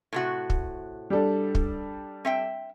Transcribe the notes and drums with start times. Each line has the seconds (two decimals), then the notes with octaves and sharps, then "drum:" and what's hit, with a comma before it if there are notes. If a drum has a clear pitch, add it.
0.13 A2 C3 F#4
0.50 drum: kick
1.10 G3 D4 A4
1.55 drum: kick
2.25 C4 E5 G5